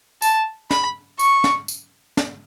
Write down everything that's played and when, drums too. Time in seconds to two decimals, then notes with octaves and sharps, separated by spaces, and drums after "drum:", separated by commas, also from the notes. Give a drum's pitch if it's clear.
0.22 A5, drum: tambourine
0.71 B5, drum: snare
1.19 C#6, drum: tambourine
1.44 drum: snare
1.68 drum: tambourine
2.17 drum: snare